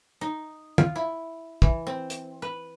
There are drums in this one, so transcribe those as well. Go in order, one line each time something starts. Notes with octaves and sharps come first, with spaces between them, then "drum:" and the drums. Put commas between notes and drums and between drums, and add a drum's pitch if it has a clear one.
D#4
F4, drum: tom
E4
E3, drum: kick
C4
drum: hi-hat
B4